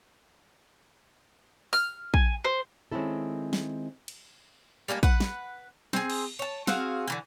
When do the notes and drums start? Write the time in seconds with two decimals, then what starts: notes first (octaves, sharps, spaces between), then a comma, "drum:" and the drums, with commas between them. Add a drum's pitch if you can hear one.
1.73 F6, drum: open hi-hat
2.14 G#5, drum: kick A#1
2.45 C5
2.91 D#3 G#3 C4 C#4 E4 A4
3.53 drum: snare
4.08 drum: cymbal
4.88 G3 G#3 A#3 D4
5.03 B4 F#5, drum: kick A#1
5.20 drum: snare
5.93 C4 G#4, drum: snare
6.10 drum: cymbal
6.39 C#5 A5
6.67 C4 F#4 G#4 F5, drum: snare
7.08 D3 E3 A#3